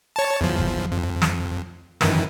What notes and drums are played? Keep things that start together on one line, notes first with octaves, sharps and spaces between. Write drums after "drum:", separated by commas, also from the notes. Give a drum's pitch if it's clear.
C#5 A5
E2 F3
drum: kick G1
F2
drum: snare
F#2 D#3 E3, drum: snare